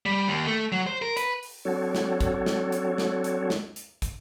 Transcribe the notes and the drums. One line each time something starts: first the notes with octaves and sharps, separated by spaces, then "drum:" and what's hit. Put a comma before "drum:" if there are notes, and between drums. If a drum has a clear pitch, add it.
G3
D#2
A3
F#3
C5
A#4
B4, drum: hi-hat
drum: open hi-hat
F#3 C4 D4 F#4 A4 C#5
drum: snare
drum: kick, hi-hat
drum: snare
drum: hi-hat
drum: snare
drum: hi-hat
drum: snare
drum: hi-hat
drum: kick, hi-hat